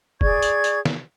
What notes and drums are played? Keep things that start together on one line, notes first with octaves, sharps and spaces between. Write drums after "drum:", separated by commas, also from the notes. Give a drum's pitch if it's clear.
G#4 D5 C#6 G#6, drum: kick
drum: tambourine
drum: tambourine
drum: snare